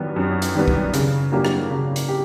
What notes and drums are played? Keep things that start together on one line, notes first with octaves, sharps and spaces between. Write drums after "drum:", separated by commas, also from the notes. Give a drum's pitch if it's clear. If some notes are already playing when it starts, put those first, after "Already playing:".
Already playing: F#2 D#3 G3 B3
F#2
drum: hi-hat
D#3 G3 B3
drum: kick
C#3, drum: hi-hat
F#3 A#3 D4 G4
drum: rim click
C#3
drum: hi-hat
G4